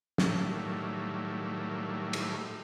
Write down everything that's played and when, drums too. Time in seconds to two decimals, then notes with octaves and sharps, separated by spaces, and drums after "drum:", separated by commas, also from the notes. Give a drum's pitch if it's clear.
0.18 A2 D#3 F#3 G3 A3 A#3, drum: snare
2.13 drum: cymbal